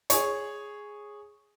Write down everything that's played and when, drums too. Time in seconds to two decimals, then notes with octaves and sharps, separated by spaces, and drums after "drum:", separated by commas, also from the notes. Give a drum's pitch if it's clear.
0.10 G#4 C#5, drum: hi-hat